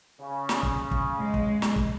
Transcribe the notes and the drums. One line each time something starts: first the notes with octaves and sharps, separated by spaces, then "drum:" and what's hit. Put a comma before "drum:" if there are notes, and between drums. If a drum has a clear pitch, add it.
C#3
drum: snare
drum: kick
drum: kick
G#3
drum: kick
drum: snare
drum: kick